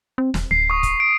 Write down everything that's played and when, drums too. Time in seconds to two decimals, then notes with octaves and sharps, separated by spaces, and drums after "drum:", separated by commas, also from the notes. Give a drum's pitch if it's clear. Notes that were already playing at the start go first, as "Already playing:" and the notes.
0.18 C4
0.34 E1, drum: snare
0.51 D1 C7
0.70 C#6 D#6
0.83 drum: kick, hi-hat
1.00 D7